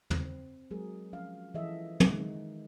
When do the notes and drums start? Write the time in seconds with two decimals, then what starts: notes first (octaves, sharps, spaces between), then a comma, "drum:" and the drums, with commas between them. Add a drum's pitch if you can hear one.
0.10 C4, drum: tom
0.71 F#3 G#3 G#4 A#4
1.13 F3 C#4 F5
1.54 E3 F3 G#4 A4 D#5 E5
2.00 drum: tom
2.09 D#3 G#3 D#4